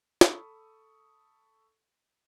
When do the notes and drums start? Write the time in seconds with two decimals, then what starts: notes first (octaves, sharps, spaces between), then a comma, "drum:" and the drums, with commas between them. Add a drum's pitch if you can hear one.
0.21 A4 B5 C#6 D#6 E6, drum: snare